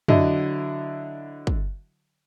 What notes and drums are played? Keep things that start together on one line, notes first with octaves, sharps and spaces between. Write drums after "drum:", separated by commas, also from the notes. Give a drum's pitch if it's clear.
D3 F#3 E4 D#5, drum: tom
drum: kick